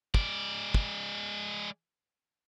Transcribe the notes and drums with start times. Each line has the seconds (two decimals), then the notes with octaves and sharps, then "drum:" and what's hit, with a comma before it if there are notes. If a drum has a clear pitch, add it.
0.14 G#3 D5, drum: kick
0.74 drum: kick